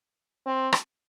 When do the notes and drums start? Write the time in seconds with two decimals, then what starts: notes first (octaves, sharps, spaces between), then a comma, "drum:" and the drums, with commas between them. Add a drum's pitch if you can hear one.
0.46 C4
0.73 drum: rim click